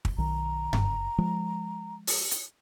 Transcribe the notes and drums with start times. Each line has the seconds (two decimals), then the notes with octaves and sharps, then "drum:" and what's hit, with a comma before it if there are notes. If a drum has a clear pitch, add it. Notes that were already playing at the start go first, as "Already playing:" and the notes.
0.05 drum: kick
0.18 B1 D#3 A#5
0.73 F#1, drum: tom G2
1.18 F3 G#3
2.07 drum: open hi-hat
2.31 drum: hi-hat